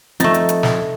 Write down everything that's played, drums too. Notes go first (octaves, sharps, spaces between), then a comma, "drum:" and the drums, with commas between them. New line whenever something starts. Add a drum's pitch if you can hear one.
F3 A3 C4 D#4 A6, drum: hi-hat
drum: hi-hat
drum: hi-hat
drum: snare